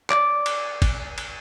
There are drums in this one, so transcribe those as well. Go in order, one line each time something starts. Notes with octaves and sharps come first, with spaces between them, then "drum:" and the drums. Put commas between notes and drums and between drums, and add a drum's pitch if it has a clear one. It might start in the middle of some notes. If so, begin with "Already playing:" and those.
D5, drum: clap
drum: cymbal
drum: kick, cymbal
drum: cymbal